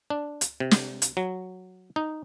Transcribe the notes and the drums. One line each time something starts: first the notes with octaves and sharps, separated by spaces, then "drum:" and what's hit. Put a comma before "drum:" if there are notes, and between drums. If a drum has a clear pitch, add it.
D4
drum: hi-hat
C3
drum: snare
drum: hi-hat
F#3
D#4